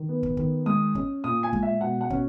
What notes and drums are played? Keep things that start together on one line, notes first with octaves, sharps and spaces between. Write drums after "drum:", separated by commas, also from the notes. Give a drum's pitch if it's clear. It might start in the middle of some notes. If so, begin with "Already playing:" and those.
Already playing: D#3
B3
drum: kick
D#3, drum: kick
G#3 D#6
C#4, drum: kick
A#2 D#6
G#5
G#3, drum: kick
E5
B2 F#5
F#5
C#4, drum: kick